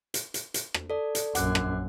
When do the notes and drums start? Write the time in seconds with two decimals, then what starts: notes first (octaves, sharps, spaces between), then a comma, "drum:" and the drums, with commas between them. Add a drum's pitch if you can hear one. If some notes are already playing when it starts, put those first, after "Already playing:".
0.14 drum: hi-hat
0.34 drum: hi-hat
0.54 drum: hi-hat
0.74 drum: rim click
0.90 A4 D5
1.15 drum: hi-hat
1.35 A#1 F#2 F#5 D6 F#6, drum: hi-hat
1.55 drum: rim click